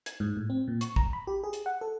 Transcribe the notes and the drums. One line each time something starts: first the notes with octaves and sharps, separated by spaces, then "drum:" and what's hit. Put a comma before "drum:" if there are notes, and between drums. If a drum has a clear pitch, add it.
G#6, drum: hi-hat
G#2
A2
C4
A#2
C#6, drum: hi-hat
A#5, drum: kick
B5
G4
G#4
drum: hi-hat
F#5
A4